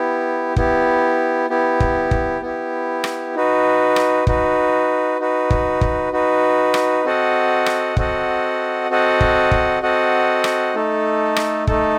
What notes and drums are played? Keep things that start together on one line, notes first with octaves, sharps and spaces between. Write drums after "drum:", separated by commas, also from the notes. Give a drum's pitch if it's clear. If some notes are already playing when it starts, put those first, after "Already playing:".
Already playing: B3 E4 G4
B3 E4 G4, drum: kick
B3 E4 G4
drum: kick
drum: kick
B3 E4 G4
drum: rim click
D#4 F#4 B4
drum: rim click
D#4 F#4 B4, drum: kick
D#4 F#4 B4
drum: kick
drum: kick
D#4 F#4 B4
drum: rim click
C4 F#4 A4 D#5 F#5
drum: rim click
C4 F#4 A4 D#5 F#5, drum: kick
C4 F#4 A4 D#5 F#5
drum: kick
drum: kick
C4 F#4 A4 D#5 F#5
drum: rim click
A3 D#4 A4
drum: rim click
A3 D#4 A4, drum: kick